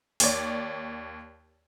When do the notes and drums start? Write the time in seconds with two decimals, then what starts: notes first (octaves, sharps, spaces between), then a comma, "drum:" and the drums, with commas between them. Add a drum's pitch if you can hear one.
0.20 D#2 C#5 D5, drum: open hi-hat